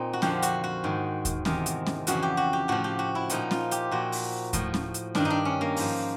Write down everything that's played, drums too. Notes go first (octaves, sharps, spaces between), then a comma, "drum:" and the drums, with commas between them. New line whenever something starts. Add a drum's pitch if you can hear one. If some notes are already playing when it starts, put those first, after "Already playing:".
Already playing: A#2 C4 D#4
F#4
F2 D3 F3 G4, drum: snare C#4
F#4, drum: hi-hat
F#4
G#2 D#3
drum: kick D#2, hi-hat
E2 C3 D#3, drum: snare C#4
drum: hi-hat
drum: snare C#4
F2 C#3 E3 F#4, drum: hi-hat
G4
F#4
G4
A2 F3 F#4
G4
F#4
E4
A#2 F3 D#4, drum: hi-hat
F4, drum: snare C#4
G4, drum: hi-hat
A#2 F3 F#4
drum: open hi-hat
A2 F3, drum: kick D#2, hi-hat
drum: snare C#4
drum: hi-hat
G2 D#3 D4, drum: snare C#4
D#4
D4
C#4
A#3
G#2 F3, drum: open hi-hat